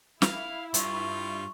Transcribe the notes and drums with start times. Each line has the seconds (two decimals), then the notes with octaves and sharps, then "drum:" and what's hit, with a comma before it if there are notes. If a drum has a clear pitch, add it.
0.22 E4 F5, drum: snare
0.74 G2 F4 C#6, drum: hi-hat